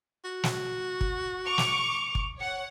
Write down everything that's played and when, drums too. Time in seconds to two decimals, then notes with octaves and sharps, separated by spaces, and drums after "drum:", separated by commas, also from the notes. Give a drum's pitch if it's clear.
0.24 F#4
0.43 drum: snare
1.01 drum: kick
1.46 C#6 D6 F7
1.58 drum: snare
2.15 drum: kick
2.37 C#5 F#5